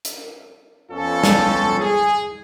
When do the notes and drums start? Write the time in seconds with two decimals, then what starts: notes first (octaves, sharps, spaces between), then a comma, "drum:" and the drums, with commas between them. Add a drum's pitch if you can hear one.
0.05 drum: hi-hat
0.90 F2 B3 C#4 F4 A4
1.24 drum: snare
1.79 G#4